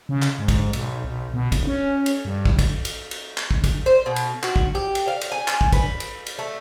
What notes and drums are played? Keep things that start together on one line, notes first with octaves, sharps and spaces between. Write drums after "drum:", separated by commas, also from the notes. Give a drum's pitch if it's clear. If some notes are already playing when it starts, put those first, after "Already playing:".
C#3
drum: clap
G#2
drum: kick, cymbal
B1, drum: cymbal
B1
B2
D1, drum: kick, cymbal
C#4
drum: cymbal
G2
drum: kick
drum: kick, cymbal
drum: cymbal
drum: cymbal
drum: clap
drum: kick
drum: kick, cymbal
C5
B2
drum: cymbal
F#4, drum: clap
drum: kick
G4
drum: cymbal
F5
drum: cymbal
G#5
drum: clap
drum: kick
B4, drum: kick, cymbal
drum: cymbal
drum: cymbal
A3